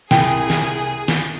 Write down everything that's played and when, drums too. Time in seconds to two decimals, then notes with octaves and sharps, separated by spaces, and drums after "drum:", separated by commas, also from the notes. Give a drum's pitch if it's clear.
0.11 C2 G#4 G5, drum: snare
0.50 drum: snare
1.08 drum: snare